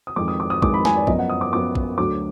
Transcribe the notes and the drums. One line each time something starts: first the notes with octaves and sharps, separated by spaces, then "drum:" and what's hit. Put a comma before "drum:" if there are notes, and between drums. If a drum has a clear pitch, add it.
D#6
F2 D#3 G#3 D6
D#6
D6
D#6
F2 D#3 G#3 D6, drum: kick
B5
G#5, drum: snare
D5
F#2 F3 B3 D#5, drum: kick
F#5
D#6
D6
F#2 F3 B3 D6
drum: kick
D2 D3 F#3 D6